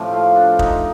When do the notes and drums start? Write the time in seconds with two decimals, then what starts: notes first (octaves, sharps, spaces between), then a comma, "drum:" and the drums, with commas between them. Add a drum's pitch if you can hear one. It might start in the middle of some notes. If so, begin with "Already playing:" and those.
Already playing: A2 F3 A3 C4 G4
0.13 F4
0.36 D4
0.59 D#4, drum: kick